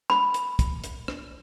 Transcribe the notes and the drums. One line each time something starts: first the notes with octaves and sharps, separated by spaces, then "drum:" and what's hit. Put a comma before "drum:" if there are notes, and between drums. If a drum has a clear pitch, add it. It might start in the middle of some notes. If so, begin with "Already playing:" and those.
B5, drum: rim click
drum: hi-hat
drum: kick, hi-hat
drum: hi-hat
drum: rim click